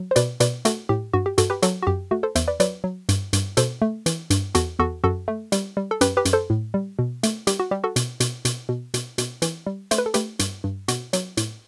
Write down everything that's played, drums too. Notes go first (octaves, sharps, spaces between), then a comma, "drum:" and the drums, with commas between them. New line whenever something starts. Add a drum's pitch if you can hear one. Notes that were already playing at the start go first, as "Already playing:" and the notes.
Already playing: F#3
C5
B2 B4 D5, drum: hi-hat
B2 B4 D5, drum: hi-hat
A3 F#4 A4, drum: hi-hat
A2 G4
G2 F#4
G4
G2 F#4 A4, drum: hi-hat
G4 B4
F#3 F#4 A4, drum: hi-hat
F#4
F#2 G4
A3 F#4
A4 C5
E2 C5 E5, drum: hi-hat
B4 D5
F#3 B4 D5, drum: hi-hat
F#3
G2, drum: hi-hat
G2, drum: hi-hat
B2 A4 C5, drum: hi-hat
A3
E3, drum: hi-hat
G2, drum: hi-hat
E2 F#4 A4, drum: hi-hat
E2 F#4 A4
F#2 F#4 A4
A3
G3, drum: hi-hat
G3
A4
F#2 G4 B4, drum: hi-hat
G4 B4
F#2, drum: hi-hat
A4 C5
A2
G3
B2
A3, drum: hi-hat
G3 G4, drum: hi-hat
F#4
G3 G4
F#4 A4
B2, drum: hi-hat
B2, drum: hi-hat
B2, drum: hi-hat
B2
B2, drum: hi-hat
B2, drum: hi-hat
E3, drum: hi-hat
G3
A3 C5, drum: hi-hat
B4
A4
A3 G4 B4, drum: hi-hat
G2, drum: hi-hat
G2
B2 F#4, drum: hi-hat
F#3, drum: hi-hat
A2, drum: hi-hat